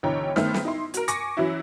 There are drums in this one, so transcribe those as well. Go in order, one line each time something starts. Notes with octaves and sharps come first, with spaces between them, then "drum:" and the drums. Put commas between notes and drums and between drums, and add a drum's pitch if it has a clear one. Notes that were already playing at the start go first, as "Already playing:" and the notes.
B1 D3 E3 C#5 G5 A#5
D#3 A3 B3 C5 F6, drum: snare
drum: snare
D#4 E4 C6
F#4 A#4, drum: hi-hat
G#5 C#6 D6 A#6 C#7, drum: hi-hat
E3 F#3 C#4 E4 F#4